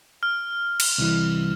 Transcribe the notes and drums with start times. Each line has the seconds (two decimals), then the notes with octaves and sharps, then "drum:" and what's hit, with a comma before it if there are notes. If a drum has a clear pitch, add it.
0.23 F6
0.80 drum: cymbal
0.98 C2 E3